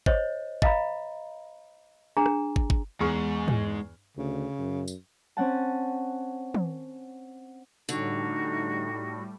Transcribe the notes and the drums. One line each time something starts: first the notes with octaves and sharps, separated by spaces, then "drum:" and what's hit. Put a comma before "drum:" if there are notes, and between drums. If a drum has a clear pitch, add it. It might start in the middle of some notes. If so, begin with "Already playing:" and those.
C5 C#5 D#5, drum: kick
D#5 F5 A#5 B5, drum: kick
D4 G#4 A#5
drum: rim click
drum: kick
drum: kick
E2 G#2 G#4 C#6 F6
drum: tom
D2 C#3
F#2
drum: tambourine
C4 C#4 F#5 A5
drum: tom
A2 D3 G3 D#4 F#4, drum: tambourine